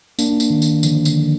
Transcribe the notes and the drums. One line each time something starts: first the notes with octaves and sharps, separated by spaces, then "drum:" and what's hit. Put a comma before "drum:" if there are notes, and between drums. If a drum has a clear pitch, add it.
A#3 D4, drum: tambourine
drum: tambourine
D#3
drum: tambourine
D3 F3, drum: tambourine
drum: tambourine